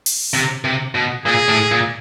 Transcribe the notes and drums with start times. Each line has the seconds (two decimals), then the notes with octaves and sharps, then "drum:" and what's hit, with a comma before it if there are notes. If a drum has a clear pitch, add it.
0.06 drum: open hi-hat
0.34 C3
0.64 C3
0.95 B2
1.26 A#2 G#4
1.49 A2
1.72 A#2